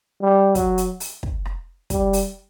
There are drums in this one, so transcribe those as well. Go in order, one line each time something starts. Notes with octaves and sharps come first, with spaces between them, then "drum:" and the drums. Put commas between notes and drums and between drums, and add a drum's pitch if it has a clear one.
G3
F#3, drum: kick, hi-hat
drum: hi-hat
drum: open hi-hat
drum: kick
drum: rim click
G3, drum: kick, hi-hat
drum: open hi-hat